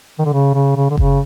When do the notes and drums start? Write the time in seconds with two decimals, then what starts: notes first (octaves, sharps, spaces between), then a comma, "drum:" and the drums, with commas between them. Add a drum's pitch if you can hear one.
0.18 D#3
0.25 D3
0.33 C#3
0.54 C#3
0.76 C#3
0.90 D3
0.97 C#3, drum: kick F#1